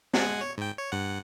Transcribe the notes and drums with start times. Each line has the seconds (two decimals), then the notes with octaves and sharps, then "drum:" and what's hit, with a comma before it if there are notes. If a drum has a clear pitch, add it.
0.14 G#3 F#5 G#5, drum: snare
0.41 C#5
0.58 G#2 G5
0.78 C#5
0.92 G2 F#5